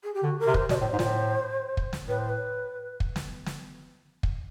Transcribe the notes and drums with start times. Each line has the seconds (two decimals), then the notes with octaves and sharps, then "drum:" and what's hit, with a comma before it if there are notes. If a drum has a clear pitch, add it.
0.03 G#4
0.14 G4
0.23 D3 F#4
0.39 A#4
0.47 C3
0.54 C5, drum: kick
0.69 B2 D5, drum: snare
0.74 C5
0.81 A2
0.93 G#2
0.99 A#2, drum: snare
1.04 A2
1.77 drum: kick
1.93 drum: snare
2.08 A2 B4
2.18 C5
2.29 B4
3.00 drum: kick
3.16 drum: snare
3.46 drum: snare
4.23 drum: kick